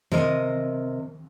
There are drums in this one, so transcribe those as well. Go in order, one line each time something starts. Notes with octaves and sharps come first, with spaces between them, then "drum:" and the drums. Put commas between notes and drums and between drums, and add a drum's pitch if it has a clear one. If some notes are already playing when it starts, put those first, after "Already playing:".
C3 A#4 D#5, drum: tom D#3